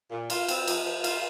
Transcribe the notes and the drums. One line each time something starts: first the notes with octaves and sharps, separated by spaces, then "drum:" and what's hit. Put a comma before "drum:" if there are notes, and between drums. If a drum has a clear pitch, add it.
A#2
F4, drum: cymbal
C4, drum: cymbal
F3, drum: cymbal
F3
F4, drum: cymbal